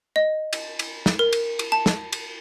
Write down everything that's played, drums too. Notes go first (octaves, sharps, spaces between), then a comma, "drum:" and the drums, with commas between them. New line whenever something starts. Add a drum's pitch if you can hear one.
D#5
drum: cymbal
drum: cymbal
drum: snare
A#4
drum: cymbal
drum: cymbal
A5
drum: snare
drum: cymbal